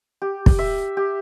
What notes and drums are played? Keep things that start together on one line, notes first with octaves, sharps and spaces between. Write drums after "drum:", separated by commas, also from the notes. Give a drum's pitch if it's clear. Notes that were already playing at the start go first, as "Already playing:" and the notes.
G4
drum: kick
E5
G4